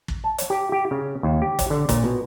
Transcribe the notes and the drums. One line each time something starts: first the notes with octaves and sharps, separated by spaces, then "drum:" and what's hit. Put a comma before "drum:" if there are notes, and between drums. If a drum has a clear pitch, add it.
drum: kick
A5
drum: hi-hat
G4
G4
C#3
D#2
G4
drum: kick, hi-hat
D3
A#2, drum: kick, hi-hat
B2